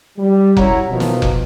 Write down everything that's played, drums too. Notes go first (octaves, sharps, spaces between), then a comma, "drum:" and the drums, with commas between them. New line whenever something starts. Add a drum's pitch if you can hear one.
G3
C2 F#2 E4 C#5 F#5 A#5, drum: kick F1
B2 D#3 F3
drum: snare
drum: kick F1